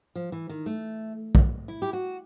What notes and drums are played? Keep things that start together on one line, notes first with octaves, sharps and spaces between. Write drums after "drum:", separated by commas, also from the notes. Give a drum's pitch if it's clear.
F3
E3
D#3
A3
drum: kick
E4
G4
F#4